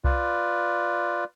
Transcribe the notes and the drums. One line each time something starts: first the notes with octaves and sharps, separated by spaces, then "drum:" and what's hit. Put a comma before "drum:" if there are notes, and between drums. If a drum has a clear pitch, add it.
F4 B4 D5, drum: kick C2